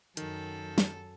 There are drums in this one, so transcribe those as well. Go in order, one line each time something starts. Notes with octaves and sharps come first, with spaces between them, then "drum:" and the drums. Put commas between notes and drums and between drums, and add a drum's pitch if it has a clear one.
F#2 D#3 A4, drum: hi-hat
drum: snare